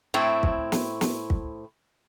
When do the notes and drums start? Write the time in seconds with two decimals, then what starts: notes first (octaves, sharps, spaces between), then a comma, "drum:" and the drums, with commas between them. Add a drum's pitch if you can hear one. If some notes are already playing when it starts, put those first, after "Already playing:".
0.14 A2 C4 E4
0.43 drum: kick
0.72 drum: snare
1.01 drum: snare
1.30 drum: kick